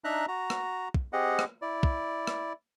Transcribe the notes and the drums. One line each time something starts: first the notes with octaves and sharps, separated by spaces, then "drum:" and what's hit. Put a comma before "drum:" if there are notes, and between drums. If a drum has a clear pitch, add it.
D4 D#4 E5 A#5 F#6
F#4 A#5
drum: rim click
drum: kick
C4 G4 G#4 D#5 F#5
drum: rim click
E4 D5
drum: kick
drum: rim click